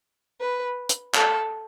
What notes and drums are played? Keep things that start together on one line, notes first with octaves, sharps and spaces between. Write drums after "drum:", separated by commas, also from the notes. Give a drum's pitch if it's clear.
B4
drum: hi-hat
A4, drum: clap